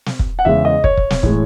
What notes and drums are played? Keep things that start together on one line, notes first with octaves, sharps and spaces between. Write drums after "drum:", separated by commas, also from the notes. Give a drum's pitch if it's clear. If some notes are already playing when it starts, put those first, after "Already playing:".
drum: snare
drum: kick
F#5
E2 C#3 G#3 E5
D#5
C#5, drum: kick
drum: kick
drum: snare
A2 E3 G#3, drum: kick